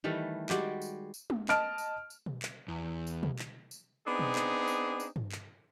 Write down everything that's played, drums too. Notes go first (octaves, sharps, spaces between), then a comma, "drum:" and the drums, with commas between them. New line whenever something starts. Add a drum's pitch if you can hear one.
D#3 E3 G3 A3
G3 G#3 F#4 G4, drum: clap
drum: tambourine
drum: tambourine
drum: tom G#3
D#5 A5 F6 D7, drum: clap
drum: tambourine
drum: tambourine
drum: tom B2
drum: clap
E2
drum: tambourine
drum: tom B2
drum: clap
drum: tambourine
B3 C4 D4 D#4 G#4
drum: tom B2
drum: clap
drum: tambourine
drum: tambourine
drum: tom G2
drum: clap